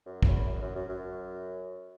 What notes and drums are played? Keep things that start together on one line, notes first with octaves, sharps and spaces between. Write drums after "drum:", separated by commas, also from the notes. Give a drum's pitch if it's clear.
F#2
F#2, drum: kick
E2
F#2
F#2
F#2
F#2